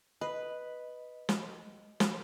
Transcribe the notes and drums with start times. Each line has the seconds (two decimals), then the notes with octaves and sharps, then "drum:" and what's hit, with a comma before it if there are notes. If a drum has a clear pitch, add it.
0.21 B4 D#5
1.29 drum: snare
2.00 drum: snare